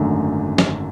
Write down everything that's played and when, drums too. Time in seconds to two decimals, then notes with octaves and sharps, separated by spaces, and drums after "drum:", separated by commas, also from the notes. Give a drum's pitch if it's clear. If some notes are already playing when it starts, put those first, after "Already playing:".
Already playing: G#1 F#2 D3 A3
0.58 drum: snare